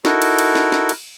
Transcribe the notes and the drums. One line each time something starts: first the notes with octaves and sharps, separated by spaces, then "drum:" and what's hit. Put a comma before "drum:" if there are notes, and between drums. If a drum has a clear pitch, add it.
D#4 E4 F#4 A4 A#4, drum: snare
drum: cymbal
drum: cymbal
drum: snare
drum: snare
drum: cymbal